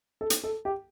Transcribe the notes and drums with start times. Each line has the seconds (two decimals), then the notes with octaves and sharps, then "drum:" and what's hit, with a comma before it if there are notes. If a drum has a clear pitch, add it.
0.21 A4
0.30 drum: hi-hat
0.44 A4
0.65 G4